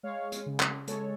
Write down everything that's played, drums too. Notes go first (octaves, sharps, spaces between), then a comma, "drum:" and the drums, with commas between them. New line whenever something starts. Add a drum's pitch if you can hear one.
G#3 C#5 F5
drum: hi-hat
C#3
drum: clap
G#3 A4 C#5, drum: hi-hat